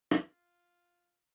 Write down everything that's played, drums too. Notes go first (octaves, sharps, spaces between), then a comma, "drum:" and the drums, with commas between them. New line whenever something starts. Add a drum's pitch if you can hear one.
F4, drum: rim click